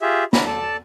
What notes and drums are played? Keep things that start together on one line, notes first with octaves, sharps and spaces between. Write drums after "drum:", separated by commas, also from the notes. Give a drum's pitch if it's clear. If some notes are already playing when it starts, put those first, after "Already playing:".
F4 G4 G#4 E5
D4 E4 A#5 B5, drum: snare
A4 D5 A5